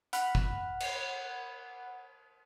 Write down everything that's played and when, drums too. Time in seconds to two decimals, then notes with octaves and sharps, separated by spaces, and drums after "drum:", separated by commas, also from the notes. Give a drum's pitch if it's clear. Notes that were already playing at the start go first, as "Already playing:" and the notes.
0.13 F#5 B5 F6 F#6, drum: hi-hat
0.35 drum: kick
0.80 drum: cymbal